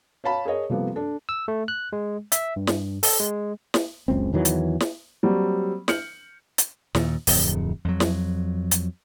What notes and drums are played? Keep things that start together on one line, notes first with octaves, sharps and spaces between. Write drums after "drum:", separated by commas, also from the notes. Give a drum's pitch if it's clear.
C#5 F5 A5 B5
G#4 A#4 C#5 D#5
C3 F3 G3 A#3 B3 A4
D4 A4
E6
A3
F#6
G#3
E5, drum: hi-hat
G2
drum: snare
A4, drum: open hi-hat
G#3
drum: snare
F#1 C#2 C4
E2 D#3 E3 F#3
drum: hi-hat
drum: snare
F#3 G3 A#3 C4
F6 G6 C#7 F#7, drum: snare
drum: hi-hat
D#2 A#2, drum: snare
D1 F2, drum: open hi-hat
F2 F#3
drum: snare
drum: hi-hat